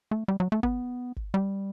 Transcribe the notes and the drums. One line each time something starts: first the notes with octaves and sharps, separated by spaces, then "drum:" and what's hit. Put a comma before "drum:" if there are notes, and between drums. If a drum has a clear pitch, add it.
A3
G3
F#3
A3
B3, drum: kick G1
drum: kick G1
G3